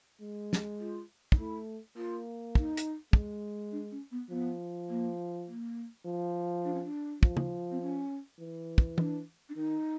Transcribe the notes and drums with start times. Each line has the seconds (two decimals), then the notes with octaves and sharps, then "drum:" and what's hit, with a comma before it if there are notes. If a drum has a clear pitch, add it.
0.21 G#3
0.53 drum: snare
0.80 F4
1.32 D#4, drum: kick
1.38 A3 E4
1.96 A#3 F4
2.55 D#4, drum: kick
2.77 drum: hi-hat
3.13 G#3, drum: kick
3.72 D4
3.91 C#4
4.11 B3
4.30 F3 B3
4.89 A#3
5.47 A#3
6.05 F3
6.64 D4
6.74 C#4
6.83 D4
7.23 F3, drum: kick
7.37 drum: tom C#3
7.71 C4
7.81 C#4
8.39 E3
8.78 drum: kick
8.98 D4, drum: tom
9.49 D4
9.56 D#3 D#4